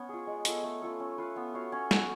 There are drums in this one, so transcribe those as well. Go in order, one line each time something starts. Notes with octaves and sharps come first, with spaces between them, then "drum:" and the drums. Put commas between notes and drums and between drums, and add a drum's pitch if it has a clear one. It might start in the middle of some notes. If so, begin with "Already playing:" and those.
Already playing: B3 C#4 C#5
F4 G#4
G#3
B3 F4 A4, drum: hi-hat
A3
C#4 F4 A4
C#4
F4 B4 F5
B3
F#4 C#5 F5
C#4
F#4 B4, drum: snare